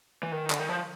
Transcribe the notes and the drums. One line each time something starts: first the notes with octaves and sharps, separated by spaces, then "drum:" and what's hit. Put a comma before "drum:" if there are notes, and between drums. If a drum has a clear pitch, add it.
E3
D#3
D3, drum: clap
D#3
F3